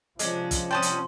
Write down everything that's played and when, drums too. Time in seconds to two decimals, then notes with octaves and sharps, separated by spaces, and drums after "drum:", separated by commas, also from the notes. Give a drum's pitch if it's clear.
0.19 C3 F3 G#3 C#4 D4, drum: hi-hat
0.51 drum: kick, hi-hat
0.71 G3 C#4 F#4 G5 A5 C6 D#6
0.82 drum: hi-hat